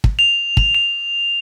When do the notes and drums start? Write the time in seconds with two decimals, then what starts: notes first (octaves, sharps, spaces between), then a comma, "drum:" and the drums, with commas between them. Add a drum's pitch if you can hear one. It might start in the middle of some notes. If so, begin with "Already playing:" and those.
0.04 drum: kick
0.19 F7
0.57 drum: kick
0.75 F7